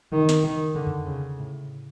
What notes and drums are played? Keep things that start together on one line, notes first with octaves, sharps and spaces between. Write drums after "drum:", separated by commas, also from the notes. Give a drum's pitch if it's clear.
D#3
drum: snare
D#3
D3
drum: tom E2
C#3
A2